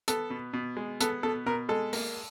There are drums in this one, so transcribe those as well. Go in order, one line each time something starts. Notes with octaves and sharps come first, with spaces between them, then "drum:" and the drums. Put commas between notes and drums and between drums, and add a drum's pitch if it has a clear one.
B3 A4, drum: hi-hat
B2
B2
G#3
B3 A4, drum: hi-hat
B2 A4
B2 A#4
G#3 A4
A#3, drum: open hi-hat